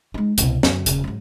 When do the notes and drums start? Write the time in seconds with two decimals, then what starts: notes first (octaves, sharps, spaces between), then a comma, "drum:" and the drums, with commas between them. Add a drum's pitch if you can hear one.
0.14 G#3 D#4
0.38 C2 B2, drum: hi-hat
0.63 F#2 D3, drum: snare
0.86 D#1 C#3, drum: hi-hat
1.04 G#2 F#3